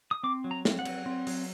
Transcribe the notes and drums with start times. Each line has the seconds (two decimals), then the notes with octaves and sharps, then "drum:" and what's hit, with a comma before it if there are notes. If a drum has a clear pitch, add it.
0.11 D#6
0.23 C4 D6
0.44 F#3
0.51 A#5
0.65 C4, drum: snare
0.79 F#5
0.85 F#3, drum: cymbal
1.06 C4
1.27 F#3, drum: open hi-hat